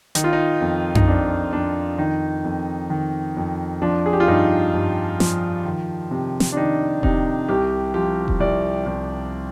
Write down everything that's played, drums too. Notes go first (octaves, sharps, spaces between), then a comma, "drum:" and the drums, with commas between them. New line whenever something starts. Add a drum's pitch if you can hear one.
D#3 D#4, drum: hi-hat
F4
D#4
F2
D#4, drum: tom F#2
F2 D4
F2 D4
D#3 D#4
F2
D#3
F2
F3 D4
G#4
G4
F4
G2 D#4
G2
F3, drum: snare
D#3
C3
drum: snare
D4
D#3 D#4
C3 D#4, drum: kick E1
C2 G4
F3 G4
drum: kick E1
C2 D5
C2